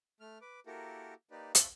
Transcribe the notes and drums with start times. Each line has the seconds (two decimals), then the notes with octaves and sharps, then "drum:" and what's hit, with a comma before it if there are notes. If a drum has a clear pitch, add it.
0.20 A3 F6
0.41 B4 D6
0.66 A#3 E4 F#4 G4 A4 A#4
1.31 A#3 D#4 G4 B4 D5
1.55 C5 E5 F5 A5 C#6 F#6, drum: hi-hat